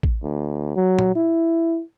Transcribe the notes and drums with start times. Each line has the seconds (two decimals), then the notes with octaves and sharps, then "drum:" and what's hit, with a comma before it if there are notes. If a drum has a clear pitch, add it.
0.03 drum: kick A1
0.23 D2
0.76 F#3
0.99 drum: tom
1.16 E4